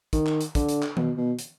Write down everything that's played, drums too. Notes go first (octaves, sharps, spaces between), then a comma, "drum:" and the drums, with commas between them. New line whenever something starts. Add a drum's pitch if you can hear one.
D#3, drum: kick, hi-hat
drum: clap
drum: hi-hat
D3, drum: kick, hi-hat
drum: hi-hat
drum: clap
B2, drum: tom D#3
B2
drum: hi-hat